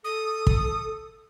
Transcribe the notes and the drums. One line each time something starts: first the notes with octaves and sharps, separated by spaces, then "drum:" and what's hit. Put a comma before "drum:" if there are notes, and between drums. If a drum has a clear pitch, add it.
A4 D#6
drum: kick